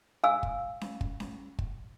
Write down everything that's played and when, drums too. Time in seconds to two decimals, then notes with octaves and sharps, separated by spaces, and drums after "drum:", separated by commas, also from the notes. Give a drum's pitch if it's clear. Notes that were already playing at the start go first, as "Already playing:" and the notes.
0.24 F5 G#5 E6
0.43 drum: kick
0.81 drum: snare C#4
1.01 drum: kick
1.20 drum: snare C#4
1.59 drum: kick